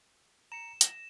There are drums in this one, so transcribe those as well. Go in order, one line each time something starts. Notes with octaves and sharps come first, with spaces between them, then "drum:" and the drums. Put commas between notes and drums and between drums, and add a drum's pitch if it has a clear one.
A#5 C#7 E7
A#6, drum: hi-hat